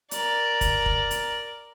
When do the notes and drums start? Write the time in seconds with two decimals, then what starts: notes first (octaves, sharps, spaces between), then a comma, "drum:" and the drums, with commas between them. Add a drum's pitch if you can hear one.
0.11 A#4 D5, drum: hi-hat
0.61 drum: kick, hi-hat
0.86 drum: kick
1.11 drum: hi-hat